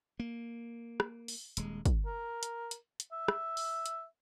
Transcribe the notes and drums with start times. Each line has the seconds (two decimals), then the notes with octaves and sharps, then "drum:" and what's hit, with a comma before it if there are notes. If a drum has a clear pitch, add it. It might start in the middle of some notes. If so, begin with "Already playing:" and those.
0.20 A#3
1.00 drum: rim click
1.28 drum: open hi-hat
1.57 D#1 G#3, drum: hi-hat
1.86 drum: kick, hi-hat
2.06 A#4
2.43 drum: hi-hat
2.71 drum: hi-hat
3.00 drum: hi-hat
3.12 E5
3.28 drum: rim click
3.57 drum: open hi-hat
3.86 drum: hi-hat